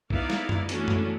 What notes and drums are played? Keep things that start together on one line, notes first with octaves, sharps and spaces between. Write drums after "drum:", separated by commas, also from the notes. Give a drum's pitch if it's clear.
B3 D#4 E4 D5 F5, drum: kick
drum: snare
drum: tom F#2
E3 F#3 A3 B3 C#4 D4, drum: hi-hat
drum: tom F#2